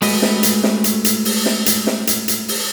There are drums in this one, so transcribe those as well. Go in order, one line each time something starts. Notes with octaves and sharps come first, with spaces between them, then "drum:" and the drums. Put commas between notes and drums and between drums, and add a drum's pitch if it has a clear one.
G#3 A3 F#4 B4 D#5, drum: open hi-hat
drum: snare
drum: hi-hat
drum: snare
drum: hi-hat
drum: hi-hat
drum: open hi-hat
drum: snare
drum: hi-hat
drum: snare
drum: hi-hat
drum: hi-hat
drum: open hi-hat